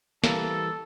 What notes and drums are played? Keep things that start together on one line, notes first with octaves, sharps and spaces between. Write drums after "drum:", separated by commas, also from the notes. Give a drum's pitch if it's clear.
E3 G3 A#3 A4, drum: snare